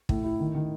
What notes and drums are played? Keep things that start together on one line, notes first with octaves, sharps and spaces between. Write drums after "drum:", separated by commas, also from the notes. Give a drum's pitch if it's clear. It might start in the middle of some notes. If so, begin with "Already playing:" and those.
A2, drum: kick
E4
D#3
D#3